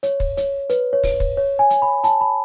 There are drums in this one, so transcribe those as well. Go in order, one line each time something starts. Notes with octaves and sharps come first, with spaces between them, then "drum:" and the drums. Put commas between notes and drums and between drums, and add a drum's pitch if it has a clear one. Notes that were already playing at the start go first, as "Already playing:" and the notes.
C#5, drum: hi-hat
drum: kick
C#5, drum: hi-hat
B4, drum: hi-hat
C#5
drum: kick, open hi-hat
drum: kick
C#5
G#5
drum: hi-hat
B5
A5, drum: hi-hat
B5